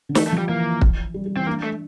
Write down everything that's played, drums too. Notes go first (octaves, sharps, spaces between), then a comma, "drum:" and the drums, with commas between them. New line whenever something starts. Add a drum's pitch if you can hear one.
D3
E3 A3, drum: snare
A3
F3
G3
E3 A#3
drum: kick
G3
G3
E3 C4
A#3 D4
A3